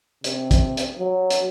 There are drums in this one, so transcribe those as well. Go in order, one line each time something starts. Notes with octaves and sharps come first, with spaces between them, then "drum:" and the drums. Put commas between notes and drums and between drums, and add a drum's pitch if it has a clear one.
C3, drum: hi-hat
drum: kick, hi-hat
drum: hi-hat
F#3
drum: hi-hat